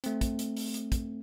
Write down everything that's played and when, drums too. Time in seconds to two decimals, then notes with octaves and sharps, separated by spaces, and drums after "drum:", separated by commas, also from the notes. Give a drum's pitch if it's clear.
0.04 A3 C4, drum: hi-hat
0.21 drum: kick, hi-hat
0.39 drum: hi-hat
0.57 drum: open hi-hat
0.74 drum: hi-hat
0.92 drum: kick, hi-hat